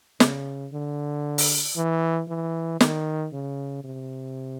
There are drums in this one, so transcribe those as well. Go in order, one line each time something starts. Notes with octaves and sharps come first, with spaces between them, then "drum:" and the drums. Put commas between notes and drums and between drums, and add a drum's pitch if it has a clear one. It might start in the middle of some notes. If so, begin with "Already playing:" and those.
C#3, drum: snare
D3
drum: open hi-hat
E3
E3
D#3, drum: snare
C#3
C3